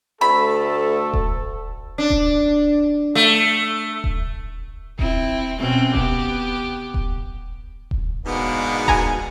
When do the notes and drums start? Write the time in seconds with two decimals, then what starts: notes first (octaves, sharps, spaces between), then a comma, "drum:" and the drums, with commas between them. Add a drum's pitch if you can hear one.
0.21 D2 A3 A4 B5
1.13 drum: kick D#1
1.98 D4
2.10 drum: kick D#1
3.15 A3
4.04 drum: kick D#1
4.99 C4 E4, drum: kick D#1
5.58 B2 C4 C#4
5.94 B3 G4, drum: kick D#1
6.94 drum: kick D#1
7.91 drum: kick D#1
8.26 G#2 B2 A#3 B3 D4
8.88 G#5 A#5, drum: kick D#1